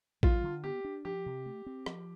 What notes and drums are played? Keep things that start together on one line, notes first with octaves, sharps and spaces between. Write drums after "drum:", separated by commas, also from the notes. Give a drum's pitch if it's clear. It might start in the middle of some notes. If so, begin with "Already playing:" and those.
G3 F4, drum: kick A1
D3
B3 G4
D4
F3 G4
C3
A3
C4
F3, drum: rim click